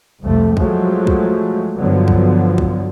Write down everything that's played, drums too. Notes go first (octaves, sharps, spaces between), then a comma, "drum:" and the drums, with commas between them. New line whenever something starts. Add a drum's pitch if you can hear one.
C2 F2 C3 A3
F3 F#3 G#3 A3, drum: kick
drum: kick
G2 D3 F3 F#3 B3
drum: kick
drum: kick